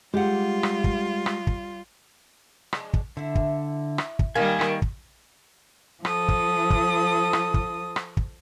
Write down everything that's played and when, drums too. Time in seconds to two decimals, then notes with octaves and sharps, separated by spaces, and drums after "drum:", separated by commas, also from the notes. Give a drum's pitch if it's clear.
0.14 G3 G#3 F4 G4 F#5
0.63 drum: rim click
0.84 drum: kick
1.26 drum: rim click
1.47 drum: kick
2.73 F3 G#3 D4, drum: rim click
2.94 drum: kick
3.17 D3 E4 E5
3.35 drum: kick
3.98 drum: rim click
4.19 drum: kick
4.35 D#3 G3 A#3 A#4 G#5
4.61 drum: rim click
4.82 drum: kick
6.05 F3 A4 D#6, drum: rim click
6.29 drum: kick
6.70 drum: kick
7.33 drum: rim click
7.54 drum: kick
7.96 drum: rim click
8.17 drum: kick